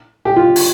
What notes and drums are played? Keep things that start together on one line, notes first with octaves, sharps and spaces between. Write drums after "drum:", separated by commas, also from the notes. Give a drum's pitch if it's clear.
G4
F4
drum: open hi-hat